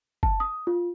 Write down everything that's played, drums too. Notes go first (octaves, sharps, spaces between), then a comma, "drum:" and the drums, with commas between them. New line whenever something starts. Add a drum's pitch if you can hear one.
A5, drum: kick F#1
D#6
F4